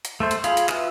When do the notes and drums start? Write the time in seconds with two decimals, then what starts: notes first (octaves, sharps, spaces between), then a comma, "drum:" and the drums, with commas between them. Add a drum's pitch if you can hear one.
0.05 drum: hi-hat
0.20 A3 A4 C5
0.31 drum: hi-hat
0.44 F4 G#4 F5 B5, drum: hi-hat
0.57 drum: hi-hat
0.69 F4 B4 E5, drum: clap